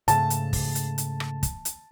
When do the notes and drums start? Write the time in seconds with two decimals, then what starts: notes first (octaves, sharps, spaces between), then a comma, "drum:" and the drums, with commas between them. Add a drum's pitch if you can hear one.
0.08 G#2 C#3 A3 A5, drum: hi-hat
0.30 drum: hi-hat
0.53 drum: kick, open hi-hat
0.75 drum: hi-hat
0.98 drum: hi-hat
1.20 drum: rim click
1.43 drum: kick, hi-hat
1.65 drum: hi-hat